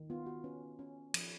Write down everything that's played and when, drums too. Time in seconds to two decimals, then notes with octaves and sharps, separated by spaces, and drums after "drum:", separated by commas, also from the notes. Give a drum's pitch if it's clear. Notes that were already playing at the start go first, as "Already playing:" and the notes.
Already playing: D#3
0.10 B3 F4
0.26 F#4
0.44 C#4 B4
0.79 C#4
1.14 F3, drum: cymbal